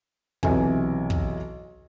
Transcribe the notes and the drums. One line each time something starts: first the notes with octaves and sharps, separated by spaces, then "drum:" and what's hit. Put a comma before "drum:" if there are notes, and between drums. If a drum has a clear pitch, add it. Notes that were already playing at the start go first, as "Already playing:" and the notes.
B1 C3 E3 G#5, drum: kick
drum: kick